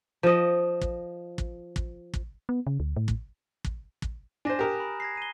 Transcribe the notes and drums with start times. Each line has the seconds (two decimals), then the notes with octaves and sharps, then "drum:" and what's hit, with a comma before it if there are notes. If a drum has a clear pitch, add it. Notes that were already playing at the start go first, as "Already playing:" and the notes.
0.23 F3 D#5
0.82 drum: kick
1.38 drum: kick
1.76 drum: kick
2.14 drum: kick
2.49 B3
2.67 C#3
2.80 D2
2.96 A2
3.08 drum: kick
3.65 drum: kick
4.02 drum: kick
4.45 D4 C5 G#5 A#6 E7
4.59 G4 A#4 A#5 D#6 F#6
4.80 B5
5.00 G#6 A#6 C7
5.17 D#7 G7